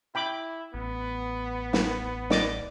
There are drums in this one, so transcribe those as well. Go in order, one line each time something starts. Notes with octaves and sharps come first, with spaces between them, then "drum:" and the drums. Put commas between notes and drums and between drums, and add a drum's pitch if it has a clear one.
E4 G5 B5 D6
A1 B3
drum: snare
D5 D#5 D6, drum: snare